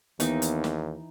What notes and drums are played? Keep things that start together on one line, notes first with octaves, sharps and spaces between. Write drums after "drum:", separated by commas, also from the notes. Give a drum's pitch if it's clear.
D#2 E3 B3 D#4, drum: hi-hat
drum: hi-hat
drum: snare